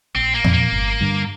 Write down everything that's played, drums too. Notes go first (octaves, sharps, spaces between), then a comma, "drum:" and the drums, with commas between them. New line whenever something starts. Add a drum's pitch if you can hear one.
A#1 C4
A#3
A#2 F3 C4, drum: tom E2
A#3
G1
G2 D3